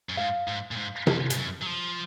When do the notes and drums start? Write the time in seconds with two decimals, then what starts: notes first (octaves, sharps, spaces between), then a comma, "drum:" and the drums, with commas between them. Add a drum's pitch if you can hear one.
0.09 F#2
0.17 G#2 F5
0.48 G#2
0.71 A#2
0.77 G#2
1.07 F2, drum: tom C3
1.30 G#2, drum: hi-hat
1.37 F#2
1.62 F#3
1.66 F3